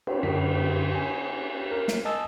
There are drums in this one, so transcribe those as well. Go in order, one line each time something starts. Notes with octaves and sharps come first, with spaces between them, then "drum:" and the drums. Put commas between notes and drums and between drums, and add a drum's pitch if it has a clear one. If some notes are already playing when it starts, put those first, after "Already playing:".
drum: cymbal
F#2 D3 A#4 B6
G#5
A#4
drum: snare
D#5 G#5 A5 D#6 E6